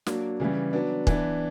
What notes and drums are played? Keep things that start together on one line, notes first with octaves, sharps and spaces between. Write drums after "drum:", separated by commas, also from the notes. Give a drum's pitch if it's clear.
F#3 A#3 D4, drum: snare
C#3 E3 G3
F#3 B3 D4
E3 B3 D4, drum: kick